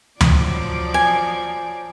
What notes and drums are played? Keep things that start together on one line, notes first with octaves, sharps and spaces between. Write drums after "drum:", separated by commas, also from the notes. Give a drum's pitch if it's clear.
F3 F#3 D5, drum: tom D2
G#5